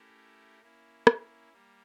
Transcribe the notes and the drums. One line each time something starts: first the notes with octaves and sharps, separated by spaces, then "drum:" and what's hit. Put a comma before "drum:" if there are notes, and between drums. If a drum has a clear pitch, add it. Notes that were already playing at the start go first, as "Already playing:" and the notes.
Already playing: A3 C#4 E4 G4 A#4
A#3 C#4 E4
drum: rim click
G3 A#3